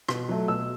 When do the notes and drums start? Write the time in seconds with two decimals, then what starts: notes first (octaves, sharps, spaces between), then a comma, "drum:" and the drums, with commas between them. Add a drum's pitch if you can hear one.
0.09 B2, drum: rim click
0.29 F#3 A3
0.48 B2 E6